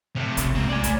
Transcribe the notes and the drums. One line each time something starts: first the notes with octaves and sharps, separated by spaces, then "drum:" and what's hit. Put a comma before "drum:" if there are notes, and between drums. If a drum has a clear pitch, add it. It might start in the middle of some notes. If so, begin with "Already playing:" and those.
C3 A3
G1 C2, drum: hi-hat
B1 C3 G#3 A#3 C4
D5 G#5
D1 E2 A3, drum: hi-hat